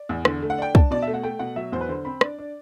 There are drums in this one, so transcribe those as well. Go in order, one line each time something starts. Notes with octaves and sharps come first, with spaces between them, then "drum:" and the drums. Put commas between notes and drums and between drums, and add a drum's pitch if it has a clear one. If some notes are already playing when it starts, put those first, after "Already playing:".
Already playing: D5
E2
D3, drum: rim click
A3
F#5
D4 G5
D4 A5, drum: kick
B2 D5
E5
A3
F#5
A3 G5
B2 F#5
F#3 E5
E2 C5
B4
D3 C5
C4 B5
D4 D5, drum: rim click
D4